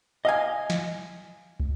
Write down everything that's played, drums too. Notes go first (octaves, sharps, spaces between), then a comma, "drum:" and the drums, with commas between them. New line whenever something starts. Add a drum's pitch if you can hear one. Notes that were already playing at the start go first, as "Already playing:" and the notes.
D#5 F5 G#5
drum: snare
drum: kick